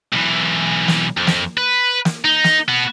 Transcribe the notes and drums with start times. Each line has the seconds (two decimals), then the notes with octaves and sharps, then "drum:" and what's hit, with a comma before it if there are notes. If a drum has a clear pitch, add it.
0.12 B1 E3
0.88 drum: snare
1.17 F2
1.27 drum: snare
1.57 B4
2.05 drum: snare
2.25 D#4
2.44 drum: snare
2.68 B3 F#4